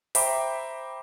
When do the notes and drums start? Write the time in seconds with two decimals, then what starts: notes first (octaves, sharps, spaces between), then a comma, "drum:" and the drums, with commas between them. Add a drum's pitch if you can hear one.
0.15 C5 E5 G5 A#5 B5 D6, drum: open hi-hat